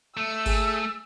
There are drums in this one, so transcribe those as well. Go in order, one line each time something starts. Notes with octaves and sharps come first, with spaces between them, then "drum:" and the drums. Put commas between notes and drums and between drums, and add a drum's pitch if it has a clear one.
A3 E6
G#4, drum: kick G1, open hi-hat